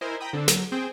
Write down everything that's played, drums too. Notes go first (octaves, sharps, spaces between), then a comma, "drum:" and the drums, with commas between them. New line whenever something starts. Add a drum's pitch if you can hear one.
E4 A#4 C5 D#5 G#5
G5 A#5 B5 D#6
D3 C4 D4 A4
F#3, drum: snare
C4 G#4 C5 G5